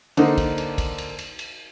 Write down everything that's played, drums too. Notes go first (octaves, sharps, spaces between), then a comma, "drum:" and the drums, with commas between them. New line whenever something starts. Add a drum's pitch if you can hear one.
D3 A#3 D4 D#4 C5, drum: cymbal
drum: kick, cymbal
drum: cymbal
drum: kick, cymbal
drum: cymbal
drum: cymbal
drum: cymbal